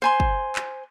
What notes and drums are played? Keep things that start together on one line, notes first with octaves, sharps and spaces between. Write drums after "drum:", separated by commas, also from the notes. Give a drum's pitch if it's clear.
C5 G#5 C6
drum: kick
drum: clap